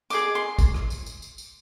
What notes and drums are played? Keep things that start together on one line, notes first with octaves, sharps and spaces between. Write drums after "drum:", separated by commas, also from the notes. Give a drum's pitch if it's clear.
G#4 C5 D#5 D6, drum: tambourine
C6
drum: kick, tambourine
drum: rim click
drum: tambourine
drum: tambourine
drum: tambourine
drum: tambourine